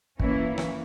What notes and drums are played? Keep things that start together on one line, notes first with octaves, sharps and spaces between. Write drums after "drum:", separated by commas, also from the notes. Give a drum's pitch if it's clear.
E3 A#3 C#4 E4, drum: kick
drum: rim click